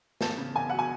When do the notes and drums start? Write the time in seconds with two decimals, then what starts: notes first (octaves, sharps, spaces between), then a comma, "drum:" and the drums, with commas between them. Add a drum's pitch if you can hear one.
0.21 E2 A5, drum: snare
0.38 C#3
0.55 E2 G#5
0.69 F#3 F#5
0.79 G#5